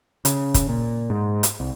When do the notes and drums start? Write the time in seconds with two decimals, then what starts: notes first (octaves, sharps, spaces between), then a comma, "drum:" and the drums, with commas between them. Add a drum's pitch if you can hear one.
0.25 C#3, drum: hi-hat
0.54 drum: kick, hi-hat
0.69 A#2
1.10 G#2
1.43 drum: hi-hat
1.60 C2